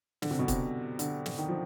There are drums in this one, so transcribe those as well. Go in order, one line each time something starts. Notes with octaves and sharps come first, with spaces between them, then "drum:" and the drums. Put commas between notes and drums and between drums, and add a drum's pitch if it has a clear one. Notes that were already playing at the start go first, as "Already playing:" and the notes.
D3, drum: snare
C3
B2
C3, drum: kick, hi-hat
D3, drum: hi-hat
drum: snare
D#3
F3